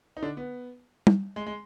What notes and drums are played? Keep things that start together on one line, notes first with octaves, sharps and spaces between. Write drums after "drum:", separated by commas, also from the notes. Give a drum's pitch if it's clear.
D#4
D3 D4
B3
drum: tom
G#3
G#3